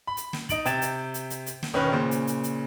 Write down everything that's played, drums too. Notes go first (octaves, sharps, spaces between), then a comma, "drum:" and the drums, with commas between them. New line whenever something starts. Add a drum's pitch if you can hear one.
B5
drum: hi-hat
drum: snare
D#4 D7 F#7, drum: kick, hi-hat
C3 G5 G#6 A6 E7, drum: hi-hat
drum: hi-hat
drum: hi-hat
drum: hi-hat
drum: hi-hat
drum: snare
E1 D#3 C#4 B4 F#6
A#2 C#3 C5
drum: hi-hat
drum: hi-hat
drum: hi-hat